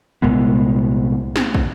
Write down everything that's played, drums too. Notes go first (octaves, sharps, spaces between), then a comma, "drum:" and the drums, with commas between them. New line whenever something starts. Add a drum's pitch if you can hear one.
C2 A#2 G#3 B3
drum: snare
drum: kick